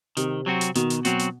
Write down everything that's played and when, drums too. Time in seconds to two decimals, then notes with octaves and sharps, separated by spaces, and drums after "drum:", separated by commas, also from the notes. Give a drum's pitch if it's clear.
0.17 C3 D#3, drum: hi-hat
0.46 F#3 C4 F#4
0.61 drum: hi-hat
0.75 B2 D#3, drum: hi-hat
0.90 drum: hi-hat
1.05 B2 F#3 C4 F#4, drum: hi-hat
1.19 drum: hi-hat